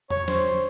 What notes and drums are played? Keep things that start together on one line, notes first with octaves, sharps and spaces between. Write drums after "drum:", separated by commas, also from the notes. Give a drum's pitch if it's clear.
C#5, drum: tom E2
C5, drum: snare